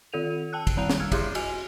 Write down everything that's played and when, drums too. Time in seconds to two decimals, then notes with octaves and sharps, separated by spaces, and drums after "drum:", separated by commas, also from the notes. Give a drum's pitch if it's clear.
0.13 D#3 F4 A4 D#7 F7
0.53 G5 A5 E6 F#6
0.67 drum: kick, cymbal
0.77 D#3 G3 A#5 F#6 F7
0.90 drum: snare
1.00 E6 F6 G#6
1.12 E4 G4 G#4 D5 C6 D6, drum: kick, cymbal
1.35 F#4 G#5 F7, drum: cymbal